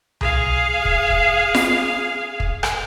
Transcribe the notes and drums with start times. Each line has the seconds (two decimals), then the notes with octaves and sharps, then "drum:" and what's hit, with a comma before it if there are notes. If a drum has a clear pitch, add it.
0.21 G#4 F5, drum: tom C2
0.85 drum: kick
1.10 drum: kick
1.55 drum: snare F4
2.40 drum: kick
2.63 drum: rim click